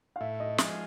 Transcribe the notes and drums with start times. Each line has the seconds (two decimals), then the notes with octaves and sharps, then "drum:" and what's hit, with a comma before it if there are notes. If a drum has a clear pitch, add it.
0.16 F5
0.21 A2 E5
0.40 D#5
0.58 F3 G#3 D#5, drum: snare